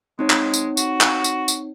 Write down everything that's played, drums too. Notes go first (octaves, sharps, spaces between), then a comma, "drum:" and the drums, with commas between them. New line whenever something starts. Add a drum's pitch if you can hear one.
G#3 C4 D#4 C#5
drum: clap
drum: tambourine
F#4, drum: tambourine
drum: clap
drum: tambourine
drum: tambourine